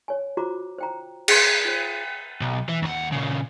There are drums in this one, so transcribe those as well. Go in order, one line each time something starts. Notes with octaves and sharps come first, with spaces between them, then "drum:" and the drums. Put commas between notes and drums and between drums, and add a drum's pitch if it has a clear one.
C#5 G#5
F4 F#4 C5 A#5 D6
C5 G5 A#5
G#4 C6, drum: cymbal
F4 C5
B1
E3
D#2 F#5
A#2 C#3